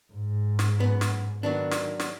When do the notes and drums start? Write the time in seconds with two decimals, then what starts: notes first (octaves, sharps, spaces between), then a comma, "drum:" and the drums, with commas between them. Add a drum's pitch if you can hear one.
0.13 G#2
0.59 drum: snare
0.80 F#2 B3
1.01 drum: snare
1.43 D#3 F#3 B3 D4
1.71 drum: snare
2.00 drum: snare